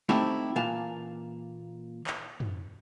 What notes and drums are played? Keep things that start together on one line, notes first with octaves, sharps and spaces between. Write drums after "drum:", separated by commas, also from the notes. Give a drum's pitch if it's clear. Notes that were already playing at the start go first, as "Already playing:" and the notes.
A3 C4 D#4 E4 G4, drum: snare
A#2 E3 A#3 F5 A5
drum: clap
drum: tom